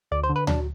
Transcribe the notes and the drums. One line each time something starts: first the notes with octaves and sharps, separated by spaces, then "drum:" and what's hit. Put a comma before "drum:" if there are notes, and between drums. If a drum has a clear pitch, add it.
D2 D5
C5
D3
B4
F#3 D4, drum: tom D2